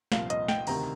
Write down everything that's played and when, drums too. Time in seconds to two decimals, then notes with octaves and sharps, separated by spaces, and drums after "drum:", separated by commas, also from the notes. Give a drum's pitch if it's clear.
0.12 C2 A#2 F3 F5, drum: snare
0.30 D#5, drum: hi-hat
0.48 G5, drum: snare
0.67 D2 C3 D#3 A#5, drum: open hi-hat